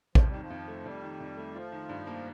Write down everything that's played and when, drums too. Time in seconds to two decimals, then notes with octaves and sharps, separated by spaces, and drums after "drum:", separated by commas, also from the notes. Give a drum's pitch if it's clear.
0.15 F2 F3, drum: kick
0.29 G3
0.34 D#3
0.41 F3
0.50 F2
0.68 A3
0.85 F2 G3
1.03 D#3
1.20 F2
1.37 A3
1.55 F3 F4
1.72 D#3
1.89 G2
2.07 A#3